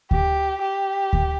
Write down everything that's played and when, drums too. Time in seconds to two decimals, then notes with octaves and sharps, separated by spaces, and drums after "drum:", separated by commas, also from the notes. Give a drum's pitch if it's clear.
0.11 G4, drum: kick D2
0.62 G4
1.13 drum: kick D2